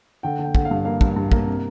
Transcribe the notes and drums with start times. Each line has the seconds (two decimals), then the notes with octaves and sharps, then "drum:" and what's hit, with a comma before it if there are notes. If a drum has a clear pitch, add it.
0.23 D3 G5
0.39 D3
0.44 G5
0.55 D3, drum: kick
0.65 F5
0.71 G2
0.85 A#3 F5
1.01 G2, drum: kick
1.16 G2
1.32 A#3, drum: kick
1.47 C3